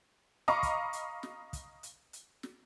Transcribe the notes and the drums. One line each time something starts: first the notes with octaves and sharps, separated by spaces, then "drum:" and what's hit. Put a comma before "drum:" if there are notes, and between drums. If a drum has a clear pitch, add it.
D#5 F5 A#5 B5 C#6 D6, drum: snare
drum: kick, hi-hat
drum: hi-hat
drum: snare
drum: kick, hi-hat
drum: hi-hat
drum: hi-hat
drum: snare